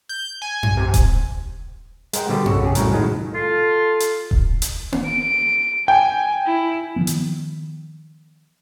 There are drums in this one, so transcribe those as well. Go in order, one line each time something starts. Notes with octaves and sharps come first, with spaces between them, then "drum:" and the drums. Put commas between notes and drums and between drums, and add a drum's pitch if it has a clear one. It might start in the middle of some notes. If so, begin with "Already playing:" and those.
G6
G#5
drum: tom F#2
C3
drum: kick D#1, hi-hat
G#3 A#4 C5 F#5 G5, drum: hi-hat
B2 D3 G3 G4
C#3 F#4 A4, drum: tom F#2
C#3 G4 G#4
C2 F#2 A2 F#3 A#4, drum: hi-hat
A2 D#3 F#3 G#3
F4 A4
drum: hi-hat
drum: kick D#1
drum: hi-hat
drum: tom A#3
D7
G5 G#5
E4
D#3 F3 B3
drum: hi-hat